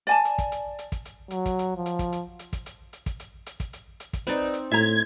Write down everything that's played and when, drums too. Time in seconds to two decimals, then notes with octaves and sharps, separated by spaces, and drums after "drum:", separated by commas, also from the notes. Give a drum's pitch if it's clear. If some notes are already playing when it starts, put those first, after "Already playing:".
0.07 D5 G#5 A5
0.25 drum: hi-hat
0.38 drum: kick, hi-hat
0.52 drum: hi-hat
0.79 drum: hi-hat
0.92 drum: kick, hi-hat
1.05 drum: hi-hat
1.30 F#3, drum: hi-hat
1.46 drum: kick, hi-hat
1.59 drum: hi-hat
1.76 F3
1.86 drum: hi-hat
1.99 drum: kick, hi-hat
2.13 drum: hi-hat
2.39 drum: hi-hat
2.53 drum: kick, hi-hat
2.66 drum: hi-hat
2.93 drum: hi-hat
3.06 drum: kick, hi-hat
3.20 drum: hi-hat
3.46 drum: hi-hat
3.60 drum: kick, hi-hat
3.73 drum: hi-hat
4.00 drum: hi-hat
4.13 drum: kick, hi-hat
4.27 C4 D#4 B4 D5, drum: hi-hat
4.54 drum: hi-hat
4.72 A2 E5 A#5 G#6